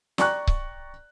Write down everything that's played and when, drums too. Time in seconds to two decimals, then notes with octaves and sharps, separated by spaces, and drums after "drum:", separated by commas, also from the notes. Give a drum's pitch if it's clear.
0.18 D5 G5 A#5 C#6 F#6, drum: snare
0.47 drum: kick C#1